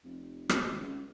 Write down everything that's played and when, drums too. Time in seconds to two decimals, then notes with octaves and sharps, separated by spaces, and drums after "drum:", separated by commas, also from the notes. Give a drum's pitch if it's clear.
0.04 F1
0.49 B2, drum: rim click
0.66 G#1
0.80 C#2